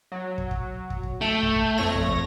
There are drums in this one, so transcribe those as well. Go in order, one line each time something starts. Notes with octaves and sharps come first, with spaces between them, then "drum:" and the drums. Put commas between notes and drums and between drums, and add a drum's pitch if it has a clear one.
F#3
drum: kick
drum: kick
drum: kick
drum: kick
A3 G5
drum: kick
drum: kick
F2 C#5 A#6
drum: kick
drum: kick